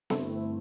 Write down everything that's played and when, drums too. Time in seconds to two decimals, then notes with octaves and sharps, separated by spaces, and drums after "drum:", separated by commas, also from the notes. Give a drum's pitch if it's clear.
0.10 G2 D3 A3 C4 E4, drum: snare B3